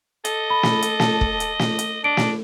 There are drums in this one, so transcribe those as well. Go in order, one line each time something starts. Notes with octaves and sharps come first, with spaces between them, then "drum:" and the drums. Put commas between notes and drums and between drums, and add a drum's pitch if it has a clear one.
A4 D#5, drum: hi-hat
B5
drum: snare
drum: hi-hat
A5, drum: snare
drum: kick
drum: hi-hat
drum: snare
drum: hi-hat
D4 D#5 D7
drum: snare